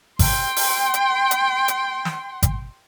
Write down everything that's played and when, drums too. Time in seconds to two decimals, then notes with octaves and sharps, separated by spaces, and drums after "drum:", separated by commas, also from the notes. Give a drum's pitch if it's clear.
0.19 G5 C6, drum: kick G#1, open hi-hat
0.56 drum: open hi-hat
0.94 drum: hi-hat
1.31 drum: hi-hat
1.68 drum: hi-hat
2.05 drum: snare
2.43 drum: kick G#1, hi-hat